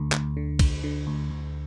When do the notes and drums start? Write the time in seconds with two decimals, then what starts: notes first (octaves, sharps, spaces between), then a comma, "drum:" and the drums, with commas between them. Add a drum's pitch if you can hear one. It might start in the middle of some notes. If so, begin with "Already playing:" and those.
Already playing: D2 D3
0.12 D2, drum: clap
0.37 D3
0.59 D2, drum: kick, cymbal
0.84 D3
1.07 D2
1.30 D2